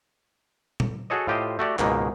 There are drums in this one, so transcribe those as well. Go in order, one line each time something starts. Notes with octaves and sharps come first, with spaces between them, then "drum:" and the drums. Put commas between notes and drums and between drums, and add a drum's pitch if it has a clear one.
drum: tom A#2
F#4 G#4 A4 C#5 D#5
A2 F4 G4 C5 D#5
A3 F#4 G4 D5
C#2 G#2 B2 D#3 A#3, drum: clap